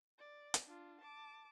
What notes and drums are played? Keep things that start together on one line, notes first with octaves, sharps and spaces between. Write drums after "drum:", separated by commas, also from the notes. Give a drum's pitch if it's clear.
D5
drum: hi-hat
D4 F4
A5 D6